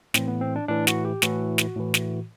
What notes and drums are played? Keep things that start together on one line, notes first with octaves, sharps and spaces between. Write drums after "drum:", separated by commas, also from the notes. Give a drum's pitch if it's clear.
A2 E3 C4, drum: snare
B3
C4
D4
A2 E3 D4
F#4, drum: snare
G4
A2 E3 F#4, drum: snare
drum: snare
A2 E3
drum: snare